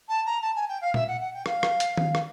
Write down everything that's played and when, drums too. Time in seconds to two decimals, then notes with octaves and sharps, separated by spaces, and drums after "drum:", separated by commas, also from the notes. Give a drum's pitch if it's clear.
0.08 A5
0.25 A#5
0.42 A5
0.55 G#5
0.68 G5
0.81 F5
0.94 E5, drum: tom A#2
1.07 F#5
1.20 F#5
1.33 G5
1.46 F5, drum: rim click
1.63 drum: rim click
1.80 drum: hi-hat
1.97 drum: tom D#3
2.15 drum: rim click